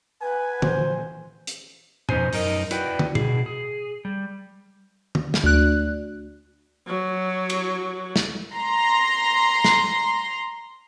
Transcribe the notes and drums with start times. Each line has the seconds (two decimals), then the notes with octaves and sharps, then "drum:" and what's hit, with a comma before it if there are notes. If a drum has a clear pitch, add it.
0.21 B4 G#5
0.62 A#2 E3 F3 C5, drum: tom
1.47 drum: hi-hat
2.09 F2 B2 D#4 C5 G#5, drum: tom A2
2.33 F#2 D#4 A#4 D#5, drum: open hi-hat
2.71 E4 F#4 B4 D5 G5, drum: hi-hat
2.99 drum: tom
3.15 B2 G#4, drum: tom A2
3.46 G#4
4.05 G3
5.15 drum: tom
5.34 drum: snare
5.44 D2 F#6
6.87 F#3
7.50 drum: cymbal
8.16 drum: snare
8.54 A#5 C6
9.64 drum: snare